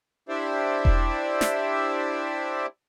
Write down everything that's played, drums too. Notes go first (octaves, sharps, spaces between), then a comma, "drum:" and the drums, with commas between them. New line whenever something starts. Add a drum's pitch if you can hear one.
D4 E4 G4 C5 D5 E5
drum: kick E1
drum: snare